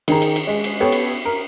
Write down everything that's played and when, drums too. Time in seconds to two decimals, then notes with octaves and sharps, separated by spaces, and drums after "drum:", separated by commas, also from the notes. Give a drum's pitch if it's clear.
0.08 D#3 G#4 A#5, drum: cymbal
0.22 drum: cymbal
0.36 drum: cymbal
0.47 G#3
0.64 drum: cymbal
0.80 B3 G4 A4 C#5
0.92 drum: cymbal
1.25 A#4